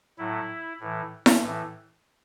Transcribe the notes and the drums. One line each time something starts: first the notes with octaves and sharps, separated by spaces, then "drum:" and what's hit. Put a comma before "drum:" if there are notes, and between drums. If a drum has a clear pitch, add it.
A2 F#3 E4
A2 E3
drum: snare E4
A2 E3